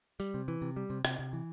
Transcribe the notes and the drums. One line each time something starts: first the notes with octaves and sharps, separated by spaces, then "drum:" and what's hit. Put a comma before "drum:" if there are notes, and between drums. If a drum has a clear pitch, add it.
G3, drum: tambourine
C3
E3
C3
G3
C3
C3, drum: rim click
C3
E3